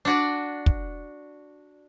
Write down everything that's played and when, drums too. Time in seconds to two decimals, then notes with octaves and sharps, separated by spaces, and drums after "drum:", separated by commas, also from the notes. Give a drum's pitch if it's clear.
0.05 D4 F#4 D5
0.66 drum: kick